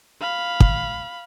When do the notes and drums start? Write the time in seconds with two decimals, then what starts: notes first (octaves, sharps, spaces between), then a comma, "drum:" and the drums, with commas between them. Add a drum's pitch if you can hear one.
0.21 F5 B5
0.60 drum: kick